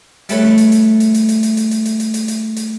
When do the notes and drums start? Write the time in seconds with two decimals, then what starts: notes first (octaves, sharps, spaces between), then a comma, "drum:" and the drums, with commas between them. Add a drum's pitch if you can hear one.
0.29 G3 A3 A4 B4 C#5, drum: hi-hat
0.43 drum: snare
0.58 drum: hi-hat
0.72 drum: hi-hat
1.00 drum: hi-hat
1.14 drum: hi-hat
1.29 drum: hi-hat
1.43 drum: hi-hat
1.57 drum: hi-hat
1.71 drum: hi-hat
1.85 drum: hi-hat
2.00 drum: hi-hat
2.14 drum: hi-hat
2.28 drum: hi-hat
2.56 drum: hi-hat